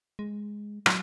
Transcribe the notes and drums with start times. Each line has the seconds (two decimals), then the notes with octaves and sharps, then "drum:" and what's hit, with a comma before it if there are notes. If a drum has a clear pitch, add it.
0.19 G#3
0.86 F#3, drum: rim click